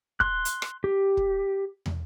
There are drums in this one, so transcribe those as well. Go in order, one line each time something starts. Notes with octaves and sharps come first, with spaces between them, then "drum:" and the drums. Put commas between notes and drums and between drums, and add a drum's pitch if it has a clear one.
C6 F#6, drum: kick
drum: hi-hat
drum: rim click
G4
drum: kick
drum: tom